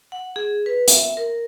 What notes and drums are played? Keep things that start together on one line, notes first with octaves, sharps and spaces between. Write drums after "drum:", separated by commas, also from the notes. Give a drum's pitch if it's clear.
F#5
G#4
B4
E5, drum: hi-hat
A#4